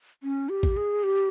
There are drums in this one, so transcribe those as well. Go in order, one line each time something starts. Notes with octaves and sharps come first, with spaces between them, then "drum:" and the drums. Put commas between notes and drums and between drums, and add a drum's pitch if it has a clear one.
C#4
G4
drum: kick A#1
G#4
G4